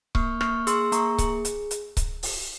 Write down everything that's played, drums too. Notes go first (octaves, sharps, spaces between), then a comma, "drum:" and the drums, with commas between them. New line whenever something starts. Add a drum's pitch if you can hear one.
A#3 C#6 F6, drum: kick C#1
A#3 C#6 F6, drum: rim click
G#4 C6 E6, drum: hi-hat
A#3 A#5 C#6, drum: hi-hat
G#4, drum: kick C#1, hi-hat
drum: hi-hat
drum: hi-hat
drum: kick C#1, hi-hat
drum: open hi-hat